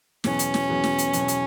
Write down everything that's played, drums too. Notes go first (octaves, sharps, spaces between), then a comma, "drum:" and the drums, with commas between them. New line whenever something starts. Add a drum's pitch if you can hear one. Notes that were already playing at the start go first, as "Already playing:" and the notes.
E2 B2 F#3 B3 C#4, drum: snare
drum: hi-hat
drum: snare
E2 B2 F#3 B3
drum: snare
drum: hi-hat
E2 B2 F#3 B3, drum: hi-hat
drum: hi-hat